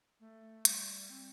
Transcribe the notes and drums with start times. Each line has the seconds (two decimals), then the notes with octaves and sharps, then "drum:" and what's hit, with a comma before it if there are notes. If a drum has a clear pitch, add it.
0.20 A3
0.65 G3, drum: hi-hat
1.10 C4